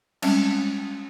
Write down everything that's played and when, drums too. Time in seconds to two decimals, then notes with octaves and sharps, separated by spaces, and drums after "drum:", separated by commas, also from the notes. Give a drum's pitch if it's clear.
0.22 G3 G#3 C4 C#4, drum: cymbal